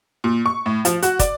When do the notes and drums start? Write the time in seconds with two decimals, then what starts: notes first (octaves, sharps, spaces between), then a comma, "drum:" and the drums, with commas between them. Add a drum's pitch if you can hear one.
0.24 A#2
0.46 C#6
0.66 A2
0.85 F3, drum: hi-hat
1.02 F#4, drum: hi-hat
1.19 D5, drum: kick, hi-hat